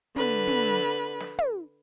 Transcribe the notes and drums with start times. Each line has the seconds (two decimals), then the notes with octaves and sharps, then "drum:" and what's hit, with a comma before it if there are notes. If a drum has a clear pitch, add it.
0.16 D3 B4, drum: tom
0.47 drum: tom
1.20 drum: snare
1.39 drum: tom